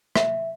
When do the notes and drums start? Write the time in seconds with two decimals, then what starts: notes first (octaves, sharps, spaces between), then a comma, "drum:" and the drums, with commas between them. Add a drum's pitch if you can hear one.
0.16 E5, drum: rim click